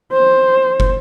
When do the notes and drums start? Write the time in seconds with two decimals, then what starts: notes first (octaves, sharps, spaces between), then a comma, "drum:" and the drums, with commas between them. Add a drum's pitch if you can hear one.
0.13 C5
0.80 drum: kick